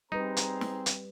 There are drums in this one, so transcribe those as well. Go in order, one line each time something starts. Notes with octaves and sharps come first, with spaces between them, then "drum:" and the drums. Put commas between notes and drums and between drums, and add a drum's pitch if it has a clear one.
G3 C4 D#4 G#4 B4 C5 A#5
drum: hi-hat
drum: snare
drum: hi-hat